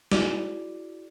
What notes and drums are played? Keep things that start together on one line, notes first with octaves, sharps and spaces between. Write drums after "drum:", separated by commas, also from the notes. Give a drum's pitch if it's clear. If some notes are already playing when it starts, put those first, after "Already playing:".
E4 F#4 G#4 D5 D6, drum: snare